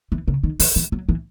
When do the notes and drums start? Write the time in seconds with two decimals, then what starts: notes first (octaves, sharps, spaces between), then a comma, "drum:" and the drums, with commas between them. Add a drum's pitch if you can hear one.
0.12 E3
0.28 C#3
0.43 D#3
0.60 E3, drum: open hi-hat
0.76 E3
0.92 F#3
1.09 E3